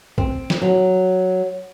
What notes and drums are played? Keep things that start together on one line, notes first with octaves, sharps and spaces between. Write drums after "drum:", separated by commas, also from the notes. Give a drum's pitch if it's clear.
C4, drum: kick
drum: snare
F#3